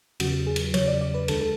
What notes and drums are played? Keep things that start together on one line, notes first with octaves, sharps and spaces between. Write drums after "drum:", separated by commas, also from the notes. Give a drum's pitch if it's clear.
E2 C#3 F#3 F#4, drum: cymbal
G#4
drum: cymbal
E2 C#3 F#3 C#5, drum: cymbal
D5
D5
B4
D2 D3 G#3 A4, drum: cymbal
A4